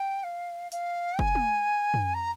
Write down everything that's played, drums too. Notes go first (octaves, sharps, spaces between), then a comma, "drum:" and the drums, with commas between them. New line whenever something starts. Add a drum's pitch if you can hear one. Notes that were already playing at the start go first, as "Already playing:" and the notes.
Already playing: G5
F5
F5, drum: hi-hat
G#5, drum: kick
drum: tom
drum: tom
A#5